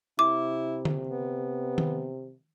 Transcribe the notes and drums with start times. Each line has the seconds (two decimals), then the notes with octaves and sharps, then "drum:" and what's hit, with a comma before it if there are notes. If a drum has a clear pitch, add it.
0.19 C3 E4 D6
0.85 drum: tom D3
1.09 B3
1.78 drum: tom D#3